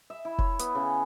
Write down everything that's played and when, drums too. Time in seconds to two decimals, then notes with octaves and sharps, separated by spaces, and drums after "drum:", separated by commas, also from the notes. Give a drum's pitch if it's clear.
0.10 E5
0.25 E4
0.38 C#5, drum: kick F1
0.59 B3, drum: hi-hat
0.75 C#3